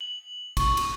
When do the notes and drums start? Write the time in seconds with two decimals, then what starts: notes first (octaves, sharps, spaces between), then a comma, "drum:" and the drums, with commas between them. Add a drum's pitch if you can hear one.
0.01 F#7
0.57 C#6, drum: kick, cymbal
0.77 drum: cymbal